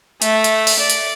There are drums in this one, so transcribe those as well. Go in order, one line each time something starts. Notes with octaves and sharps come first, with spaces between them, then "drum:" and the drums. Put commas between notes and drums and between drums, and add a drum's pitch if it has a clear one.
A3, drum: hi-hat
drum: hi-hat
drum: open hi-hat
D5
drum: hi-hat